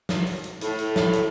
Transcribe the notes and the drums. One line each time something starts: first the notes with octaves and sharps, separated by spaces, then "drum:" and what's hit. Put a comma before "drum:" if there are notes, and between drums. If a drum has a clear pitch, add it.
drum: snare
drum: open hi-hat
drum: hi-hat
A2, drum: hi-hat
drum: hi-hat
drum: snare
drum: hi-hat